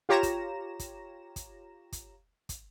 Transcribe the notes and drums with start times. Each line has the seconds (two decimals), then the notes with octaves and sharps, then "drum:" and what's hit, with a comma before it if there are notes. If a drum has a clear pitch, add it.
0.09 F4 G4 C#5 A#5 A#6 E7
0.23 drum: kick, hi-hat
0.79 drum: kick, hi-hat
1.36 drum: kick, hi-hat
1.92 drum: kick, hi-hat
2.49 drum: kick, hi-hat